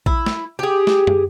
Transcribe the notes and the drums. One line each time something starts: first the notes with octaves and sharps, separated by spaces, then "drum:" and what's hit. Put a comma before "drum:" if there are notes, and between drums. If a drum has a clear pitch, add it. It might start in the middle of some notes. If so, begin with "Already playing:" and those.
E4, drum: kick A#1
drum: snare
G4 G#4
drum: snare
drum: tom